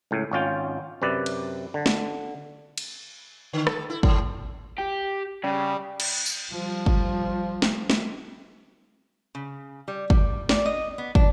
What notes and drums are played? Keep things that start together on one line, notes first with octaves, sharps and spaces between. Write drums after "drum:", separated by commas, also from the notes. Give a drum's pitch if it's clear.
C#2 A2
G#1 C#4 F4 G5
F#2 C3 B4 D5
drum: cymbal
D3
drum: snare
drum: cymbal
D3
A4, drum: rim click
E4
G#2, drum: kick
G4
C#3 G3
drum: cymbal
drum: tambourine
F3 G3
drum: kick
drum: snare
drum: snare
C#3
G3
G3, drum: kick
D5, drum: snare
D#5
B3
D4, drum: kick